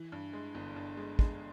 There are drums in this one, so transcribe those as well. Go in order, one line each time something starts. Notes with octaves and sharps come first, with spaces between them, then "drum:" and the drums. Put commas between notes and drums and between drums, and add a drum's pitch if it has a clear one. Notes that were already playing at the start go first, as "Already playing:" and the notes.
Already playing: E3
G2
G#3
G1
G2
G#3
G#3, drum: kick